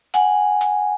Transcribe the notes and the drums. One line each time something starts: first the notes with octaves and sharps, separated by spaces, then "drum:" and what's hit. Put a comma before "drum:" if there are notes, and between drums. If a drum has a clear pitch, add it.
F#5 G#5, drum: hi-hat
drum: hi-hat